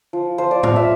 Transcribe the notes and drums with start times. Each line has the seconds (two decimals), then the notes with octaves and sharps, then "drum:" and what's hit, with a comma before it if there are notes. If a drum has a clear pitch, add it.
0.13 F3
0.38 F3 C5
0.51 D5
0.63 F3 F5, drum: tom G#2
0.76 E5